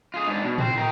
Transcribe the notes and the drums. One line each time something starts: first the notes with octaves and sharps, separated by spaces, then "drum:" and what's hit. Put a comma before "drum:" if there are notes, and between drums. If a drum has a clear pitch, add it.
F4 G#4
G#2 D4
B2
C4 C5, drum: tom A2
A#4 G5